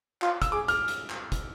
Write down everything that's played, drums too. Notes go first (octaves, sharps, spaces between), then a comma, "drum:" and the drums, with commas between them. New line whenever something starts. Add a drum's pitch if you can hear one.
F4, drum: clap
E6, drum: kick, hi-hat
G#4 D6
F6, drum: hi-hat
drum: hi-hat
drum: clap
drum: kick, hi-hat